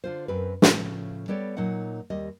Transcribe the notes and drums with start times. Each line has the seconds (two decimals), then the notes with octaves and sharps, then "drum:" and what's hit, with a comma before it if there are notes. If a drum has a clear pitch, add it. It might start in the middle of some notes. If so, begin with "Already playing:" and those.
0.04 D3 F4 C5
0.28 F#2 C4 A#4 B4
0.62 A2 C#3 F3, drum: snare
1.28 G3 B3 A4 C#5 D5
1.57 A#2 F#3 D#4 D#5 F#5
2.10 D#2 G3 D#5